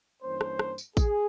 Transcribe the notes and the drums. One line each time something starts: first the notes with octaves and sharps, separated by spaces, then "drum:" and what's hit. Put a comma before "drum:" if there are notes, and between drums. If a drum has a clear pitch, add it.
G2 E3 A#3 C#4 C5
drum: rim click
drum: rim click
drum: tambourine
G#4, drum: kick A1, tambourine